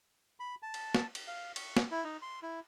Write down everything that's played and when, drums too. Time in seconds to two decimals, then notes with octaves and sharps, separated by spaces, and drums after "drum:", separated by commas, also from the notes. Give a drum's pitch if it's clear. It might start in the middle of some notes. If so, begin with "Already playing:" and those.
0.40 B5
0.63 A5
0.74 drum: cymbal
0.95 drum: snare
1.15 drum: cymbal
1.28 F5
1.56 C#6, drum: cymbal
1.77 drum: snare
1.91 E4
2.04 D#4
2.22 C6
2.43 E4